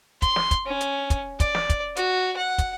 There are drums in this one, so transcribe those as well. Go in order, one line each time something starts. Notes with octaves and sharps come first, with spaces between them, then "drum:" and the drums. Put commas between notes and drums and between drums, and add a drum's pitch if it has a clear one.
C6, drum: kick, hi-hat
drum: snare
drum: kick, hi-hat
C#4
drum: hi-hat
drum: kick, hi-hat
D5, drum: kick, hi-hat
drum: snare
drum: kick, hi-hat
F#4, drum: hi-hat
F#5
drum: kick, hi-hat